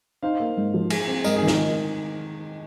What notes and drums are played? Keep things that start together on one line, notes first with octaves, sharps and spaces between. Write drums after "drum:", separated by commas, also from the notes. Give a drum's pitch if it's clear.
D#4 C5 F5
A#3
G#2
F3
G#4, drum: cymbal
C4
G#2 A#4 D#5, drum: tambourine
D#4 G#4
D#3
A#4 D#5, drum: snare